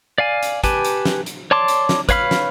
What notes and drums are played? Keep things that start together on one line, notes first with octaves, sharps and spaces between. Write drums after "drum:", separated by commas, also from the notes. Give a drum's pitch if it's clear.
D5 F5 G#5
drum: hi-hat
G4 B4 G#5 A5, drum: kick, hi-hat
drum: hi-hat
drum: snare
drum: hi-hat
C#5 D5 A5 C6 D6
drum: hi-hat
drum: snare
B4 C#5 F5 B5 F6, drum: kick, hi-hat
drum: snare